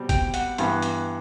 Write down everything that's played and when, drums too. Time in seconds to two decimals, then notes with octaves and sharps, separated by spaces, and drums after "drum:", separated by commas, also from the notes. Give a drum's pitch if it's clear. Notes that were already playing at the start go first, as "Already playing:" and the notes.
Already playing: B2 G3 C4
0.09 G5, drum: kick, hi-hat
0.34 F#5, drum: hi-hat
0.58 G2 E3 B3, drum: hi-hat
0.82 drum: hi-hat